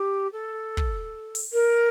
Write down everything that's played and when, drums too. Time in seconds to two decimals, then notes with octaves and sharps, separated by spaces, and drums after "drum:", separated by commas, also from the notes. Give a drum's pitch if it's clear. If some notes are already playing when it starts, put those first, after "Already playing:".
Already playing: G4
0.32 A4
0.77 drum: kick
1.35 drum: open hi-hat
1.53 A#4